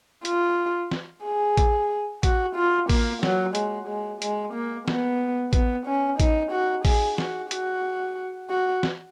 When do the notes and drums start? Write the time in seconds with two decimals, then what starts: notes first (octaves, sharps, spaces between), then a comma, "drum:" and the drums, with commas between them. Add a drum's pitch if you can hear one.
0.25 F4, drum: hi-hat
0.91 drum: snare
1.24 G#4
1.57 drum: kick A1, hi-hat
2.23 F#4, drum: kick A1, hi-hat
2.56 F4
2.89 A#3, drum: kick A1, open hi-hat
3.23 F#3, drum: snare
3.55 G#3, drum: hi-hat
3.88 G#3
4.22 G#3, drum: hi-hat
4.54 A#3
4.88 B3, drum: snare
5.53 B3, drum: kick A1, hi-hat
5.87 C#4
6.20 D#4, drum: kick A1, hi-hat
6.52 F#4
6.85 G#4, drum: kick A1, open hi-hat
7.18 F#4, drum: snare
7.51 F#4, drum: hi-hat
8.50 F#4
8.83 drum: snare